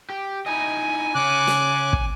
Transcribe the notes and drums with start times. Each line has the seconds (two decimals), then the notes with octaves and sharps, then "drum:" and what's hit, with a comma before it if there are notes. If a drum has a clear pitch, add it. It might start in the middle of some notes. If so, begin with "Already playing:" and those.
0.10 G4
0.46 D#4 E4 D#5 G#5
1.15 C#3 C#5 D6 F#6
1.47 drum: snare
1.93 drum: kick